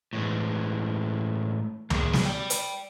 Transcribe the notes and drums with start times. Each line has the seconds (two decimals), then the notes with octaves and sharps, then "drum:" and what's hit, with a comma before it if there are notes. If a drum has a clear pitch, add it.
0.13 A2 E3 G#3
1.90 D#3 A#3 G#4, drum: tom C#2
2.13 drum: snare
2.25 D5 G5
2.50 drum: hi-hat